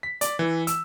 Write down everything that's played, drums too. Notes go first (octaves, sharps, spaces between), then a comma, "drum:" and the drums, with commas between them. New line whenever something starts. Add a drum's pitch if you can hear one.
B6
D5, drum: hi-hat
E3
E6, drum: hi-hat